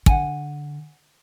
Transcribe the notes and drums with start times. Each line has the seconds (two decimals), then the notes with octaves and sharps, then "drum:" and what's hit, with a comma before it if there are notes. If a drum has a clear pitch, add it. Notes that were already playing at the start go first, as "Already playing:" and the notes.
0.06 D3 F#5 G#5, drum: kick